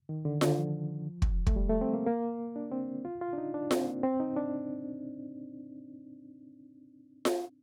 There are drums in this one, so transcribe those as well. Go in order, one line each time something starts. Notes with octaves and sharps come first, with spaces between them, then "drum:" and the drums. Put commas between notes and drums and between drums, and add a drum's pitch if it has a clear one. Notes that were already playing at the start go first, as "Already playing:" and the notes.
D#3
D3
D3, drum: snare F4
F3
drum: kick
A3, drum: kick
G3
A3
C4
A#3
A#3
D4
C4
F4
F4
D4
D#4
D4
C4, drum: snare F4
A#3
C4
D#4
D4
drum: snare F4